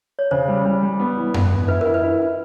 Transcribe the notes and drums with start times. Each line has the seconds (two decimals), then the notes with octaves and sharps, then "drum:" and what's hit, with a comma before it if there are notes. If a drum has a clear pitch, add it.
0.19 C#5
0.31 C#3 C5
0.48 G3
0.65 G3
0.83 G3
1.00 B3
1.17 E3
1.34 B3, drum: tom F#2
1.51 E3
1.68 E4 B4
1.81 E4 A#4
1.94 B4
2.03 E4
2.20 E4